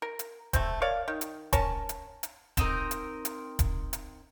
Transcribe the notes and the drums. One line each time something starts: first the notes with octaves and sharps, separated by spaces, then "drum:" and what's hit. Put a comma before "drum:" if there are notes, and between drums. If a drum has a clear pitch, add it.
A#4
drum: hi-hat
A3 C4, drum: kick D#1, hi-hat
A#4 C#5 D5 F5
D#3
drum: hi-hat
C#4 A#4 C#5 A5, drum: kick D#1, hi-hat
drum: hi-hat
drum: hi-hat
C4 D#4 A#4, drum: kick D#1, hi-hat
drum: hi-hat
drum: hi-hat
drum: kick D#1, hi-hat
drum: hi-hat